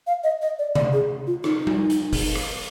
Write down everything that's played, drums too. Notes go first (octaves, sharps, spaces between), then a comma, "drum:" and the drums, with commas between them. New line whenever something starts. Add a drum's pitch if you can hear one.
F5
D#5
D#5
D5
D5, drum: tom C3
G#4
F4
D#4, drum: rim click
drum: tom G3
drum: hi-hat
drum: kick F#1, open hi-hat
drum: rim click